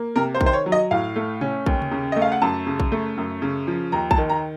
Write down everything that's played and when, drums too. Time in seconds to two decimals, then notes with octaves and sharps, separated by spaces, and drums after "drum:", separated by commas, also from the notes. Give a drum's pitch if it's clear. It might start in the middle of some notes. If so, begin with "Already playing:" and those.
Already playing: A#3
0.16 C3 A#4
0.35 C5
0.41 D#3, drum: kick A#1
0.46 C5
0.53 C#5
0.66 F#3
0.72 D#5
0.91 A2 F5
1.16 A3
1.41 C#4, drum: tom C3
1.66 D#2, drum: kick A#1
1.82 drum: tom C3
1.91 C#3
2.12 A3 D#5
2.22 F5
2.32 F#5
2.42 F#2 A5
2.67 C#3
2.80 drum: kick A#1
2.92 A3
3.18 F#2
3.42 C#3
3.67 F3
3.92 D#2 A#5
4.11 A5, drum: kick A#1
4.18 D#3
4.30 A#5